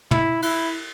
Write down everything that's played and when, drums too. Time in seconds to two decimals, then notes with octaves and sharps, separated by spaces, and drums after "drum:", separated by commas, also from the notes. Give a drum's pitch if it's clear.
0.11 E4, drum: tom
0.42 E4, drum: cymbal